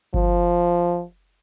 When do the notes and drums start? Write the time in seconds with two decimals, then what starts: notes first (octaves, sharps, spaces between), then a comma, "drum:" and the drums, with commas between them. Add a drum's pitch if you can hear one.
0.14 F3, drum: kick G1